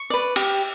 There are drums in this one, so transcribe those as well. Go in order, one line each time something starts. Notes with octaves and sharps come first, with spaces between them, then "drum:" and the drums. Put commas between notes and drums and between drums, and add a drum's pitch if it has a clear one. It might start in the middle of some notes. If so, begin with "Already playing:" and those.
Already playing: C#6
B4 D5
G4, drum: cymbal